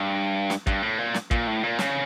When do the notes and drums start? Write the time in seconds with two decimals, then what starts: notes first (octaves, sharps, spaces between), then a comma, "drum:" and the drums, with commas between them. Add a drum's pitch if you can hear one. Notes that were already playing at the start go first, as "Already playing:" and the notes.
Already playing: G2
0.50 drum: snare
0.67 G2, drum: kick
0.82 A2
0.98 A#2
1.14 drum: snare
1.31 A#2, drum: kick
1.47 A2
1.63 A#2
1.79 C#3, drum: snare